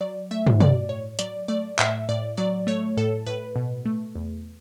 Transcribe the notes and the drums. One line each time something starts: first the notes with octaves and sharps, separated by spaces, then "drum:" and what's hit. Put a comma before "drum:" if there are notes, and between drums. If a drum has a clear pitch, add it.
F#3 D5
A3 E5
drum: tom
A2 D5, drum: tom
A2 C#5
F#3 D5, drum: hi-hat
A3 D5
A2 E5, drum: clap
A2 D5
F#3 D5
A3 C#5
A2 A4
A2 B4
B2
A3
E2